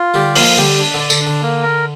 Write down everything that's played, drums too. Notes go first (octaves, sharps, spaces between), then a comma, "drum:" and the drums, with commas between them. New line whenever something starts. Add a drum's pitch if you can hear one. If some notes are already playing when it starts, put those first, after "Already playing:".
Already playing: F4
D3 G3 G4
F3 A#3 F5, drum: open hi-hat
D3 G3 G4
D4
D3 D5
D3, drum: tambourine
D4
D3
A#3
A#4